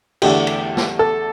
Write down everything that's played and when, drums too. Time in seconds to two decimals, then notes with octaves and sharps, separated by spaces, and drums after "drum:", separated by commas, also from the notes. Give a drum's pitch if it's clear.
0.22 E2 D3 A3 D4 G4, drum: cymbal
0.47 drum: cymbal
0.77 drum: snare
0.99 A4